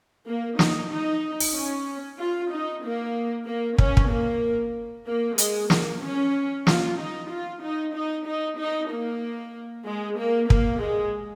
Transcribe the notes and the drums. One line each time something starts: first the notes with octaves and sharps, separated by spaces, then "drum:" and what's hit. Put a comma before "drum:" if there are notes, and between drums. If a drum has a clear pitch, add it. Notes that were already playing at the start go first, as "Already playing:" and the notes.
A#3
D#4, drum: snare
D#4
drum: open hi-hat
C#4
F4
D#4
A#3
A#3
C#4, drum: kick
drum: kick
A#3
A#3
G#3, drum: hi-hat
A#3, drum: snare
C#4
F4, drum: snare
D#4
F4
D#4
D#4
D#4
D#4
A#3
G#3
A#3
A#3, drum: kick
G#3